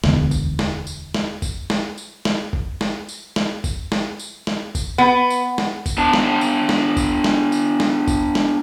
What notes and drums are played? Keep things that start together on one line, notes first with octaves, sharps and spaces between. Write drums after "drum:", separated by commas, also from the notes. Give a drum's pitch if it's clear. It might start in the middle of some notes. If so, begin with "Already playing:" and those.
E1 D2 D3 B3, drum: snare
drum: kick G1, tambourine
drum: snare
drum: tambourine
drum: snare
drum: kick G1, tambourine
drum: snare
drum: tambourine
drum: snare
drum: kick G1
drum: snare
drum: tambourine
drum: snare
drum: kick G1, tambourine
drum: snare
drum: tambourine
drum: snare
drum: kick G1, tambourine
B3
drum: tambourine
drum: snare
drum: kick G1, tambourine
B3 D4 A5
drum: snare
drum: tambourine
drum: snare
drum: kick G1, tambourine
drum: snare
drum: tambourine
drum: snare
drum: kick G1, tambourine
drum: snare